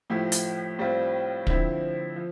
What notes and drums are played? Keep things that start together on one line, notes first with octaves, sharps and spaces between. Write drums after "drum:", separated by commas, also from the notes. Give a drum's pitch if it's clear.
A2 F3 A3 E4 G4
drum: hi-hat
A2 G3 C4 F4
D3 F3 C4 E4, drum: kick
F3